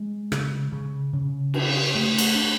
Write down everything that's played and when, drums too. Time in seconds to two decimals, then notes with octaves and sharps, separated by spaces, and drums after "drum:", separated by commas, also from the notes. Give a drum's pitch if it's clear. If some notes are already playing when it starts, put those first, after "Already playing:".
Already playing: G#3
0.32 C#3, drum: rim click
0.72 C#3
1.13 C#3
1.54 D4, drum: cymbal
1.95 A3
2.18 drum: cymbal
2.35 D4